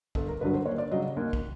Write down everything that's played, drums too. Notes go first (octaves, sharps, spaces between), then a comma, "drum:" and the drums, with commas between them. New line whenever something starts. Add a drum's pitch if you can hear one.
G1 A4, drum: kick
A#4
G2 D3 F#3 B4
C5
D#2 C#5
D5
C#3 F#3 D#5
D#2
drum: kick